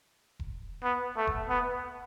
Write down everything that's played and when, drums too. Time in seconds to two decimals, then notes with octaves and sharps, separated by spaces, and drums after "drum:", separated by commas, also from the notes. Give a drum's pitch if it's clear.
0.40 drum: kick E1
0.84 B3
1.17 A3
1.27 drum: kick E1
1.49 B3